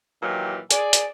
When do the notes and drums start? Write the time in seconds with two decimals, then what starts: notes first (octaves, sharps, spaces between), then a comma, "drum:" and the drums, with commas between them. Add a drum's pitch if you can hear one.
0.23 A#2 D#3 E3 F#3 G4
0.71 G#4 D5, drum: hi-hat
0.93 drum: hi-hat